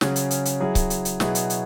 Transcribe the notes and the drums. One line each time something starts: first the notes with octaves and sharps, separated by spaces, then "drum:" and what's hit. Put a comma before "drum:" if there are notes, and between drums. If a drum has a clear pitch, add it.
C#3 F#3 C#4 G#4, drum: snare
drum: hi-hat
drum: hi-hat
drum: hi-hat
F#3 E4 G#4
drum: kick C#1, hi-hat
drum: hi-hat
drum: hi-hat
B2 F#3 E4 G#4, drum: snare
drum: hi-hat
drum: hi-hat